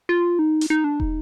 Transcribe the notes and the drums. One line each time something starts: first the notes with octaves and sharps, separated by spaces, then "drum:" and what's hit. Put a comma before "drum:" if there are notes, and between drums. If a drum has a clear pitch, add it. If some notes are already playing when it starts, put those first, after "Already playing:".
F4
D#4
drum: hi-hat
D#4
D4
D#4, drum: kick